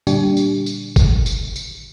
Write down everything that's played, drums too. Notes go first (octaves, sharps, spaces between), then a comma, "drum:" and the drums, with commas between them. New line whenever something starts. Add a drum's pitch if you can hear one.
A#2 D3 G3 D4 G4, drum: tambourine
drum: tambourine
drum: tambourine
drum: kick, tambourine
drum: tambourine
drum: tambourine